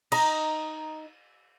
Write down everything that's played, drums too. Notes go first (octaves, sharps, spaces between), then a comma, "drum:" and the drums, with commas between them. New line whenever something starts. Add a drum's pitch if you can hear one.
D#4 A#5, drum: cymbal